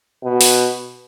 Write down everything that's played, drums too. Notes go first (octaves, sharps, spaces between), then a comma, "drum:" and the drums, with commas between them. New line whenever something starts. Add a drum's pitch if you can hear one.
B2
drum: open hi-hat